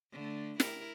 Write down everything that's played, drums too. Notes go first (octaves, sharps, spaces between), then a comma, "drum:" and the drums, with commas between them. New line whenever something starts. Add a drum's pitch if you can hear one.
D3 A3
E4 A#4, drum: snare